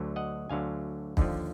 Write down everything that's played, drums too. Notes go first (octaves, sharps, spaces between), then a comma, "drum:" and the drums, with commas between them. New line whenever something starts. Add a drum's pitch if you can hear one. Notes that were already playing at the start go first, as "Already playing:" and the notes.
Already playing: D2 D3 F#3
D#5 F#5
D2 D3 F#3 F5 G#5
D#2 D3 F3, drum: kick